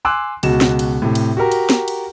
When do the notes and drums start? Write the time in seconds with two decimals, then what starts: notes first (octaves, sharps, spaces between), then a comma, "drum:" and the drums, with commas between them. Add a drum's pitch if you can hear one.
0.05 G#5 C6 D6 E6 F#6
0.43 C#2 B2 F#4 E7, drum: cymbal
0.61 drum: snare
0.79 drum: cymbal
1.02 A2 C3
1.15 drum: cymbal
1.37 F#4 G4 A#4
1.52 drum: cymbal
1.70 drum: snare
1.88 drum: cymbal